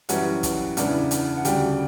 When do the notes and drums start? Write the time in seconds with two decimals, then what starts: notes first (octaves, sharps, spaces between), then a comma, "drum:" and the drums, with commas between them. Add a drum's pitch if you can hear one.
0.09 F#2 E3 G3 C#4 F#5, drum: hi-hat
0.43 drum: kick, hi-hat
0.77 E2 C#3 E3 B3 D4 F#5, drum: hi-hat
1.11 drum: hi-hat
1.37 F#5
1.45 D2 C#3 G3 D4 G5, drum: hi-hat